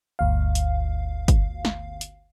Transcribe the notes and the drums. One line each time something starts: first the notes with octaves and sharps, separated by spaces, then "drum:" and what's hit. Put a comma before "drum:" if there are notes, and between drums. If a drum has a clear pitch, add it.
G1 D2 F5
drum: hi-hat
drum: kick, hi-hat
drum: snare
drum: hi-hat